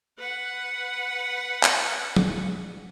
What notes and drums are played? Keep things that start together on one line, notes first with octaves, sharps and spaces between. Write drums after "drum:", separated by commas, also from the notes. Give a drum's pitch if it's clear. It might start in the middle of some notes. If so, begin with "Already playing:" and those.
B4 F#5
drum: clap
drum: tom F#3